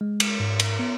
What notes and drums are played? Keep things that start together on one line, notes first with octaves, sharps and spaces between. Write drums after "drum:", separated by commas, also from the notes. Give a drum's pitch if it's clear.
G#3
drum: cymbal
G#2
drum: cymbal
B3